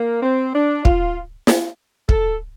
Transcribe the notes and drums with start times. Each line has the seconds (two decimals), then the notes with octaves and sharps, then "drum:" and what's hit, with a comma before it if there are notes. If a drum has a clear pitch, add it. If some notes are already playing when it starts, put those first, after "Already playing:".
Already playing: A#3
0.23 C4
0.54 D4
0.85 F4, drum: kick
1.47 drum: snare
2.09 A4, drum: kick